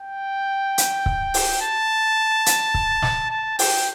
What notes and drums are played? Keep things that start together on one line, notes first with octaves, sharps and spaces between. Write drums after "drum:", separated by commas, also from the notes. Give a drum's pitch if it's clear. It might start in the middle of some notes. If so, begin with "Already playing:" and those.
Already playing: G5
drum: hi-hat
drum: kick C#1
drum: open hi-hat
A5
drum: hi-hat
drum: kick C#1
drum: snare
A5
G5, drum: open hi-hat